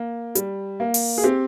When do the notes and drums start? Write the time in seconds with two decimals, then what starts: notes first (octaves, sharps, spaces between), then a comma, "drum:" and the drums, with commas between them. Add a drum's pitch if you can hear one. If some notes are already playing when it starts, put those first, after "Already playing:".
Already playing: A#3
0.35 G3, drum: hi-hat
0.80 A#3
0.94 drum: open hi-hat
1.18 G#4
1.24 C4 G4